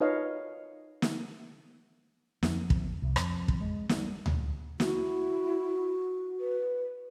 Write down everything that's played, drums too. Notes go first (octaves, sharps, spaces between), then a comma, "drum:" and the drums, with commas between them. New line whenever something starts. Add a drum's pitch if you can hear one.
D#4 F4 B4 C#5 D#5 F5
drum: snare
F2, drum: snare
drum: kick
C2
F2, drum: rim click
drum: kick
G#3
G3, drum: snare
drum: tom D2
E4 F#4, drum: snare
B4